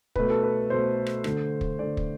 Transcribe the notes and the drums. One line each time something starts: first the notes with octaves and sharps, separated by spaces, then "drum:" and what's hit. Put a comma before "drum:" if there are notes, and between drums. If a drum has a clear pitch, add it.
B2 A3 B4, drum: kick
A4
B4
B2 A3 C5
drum: rim click
D3 A3, drum: rim click
drum: kick
D3 A3 D5
drum: kick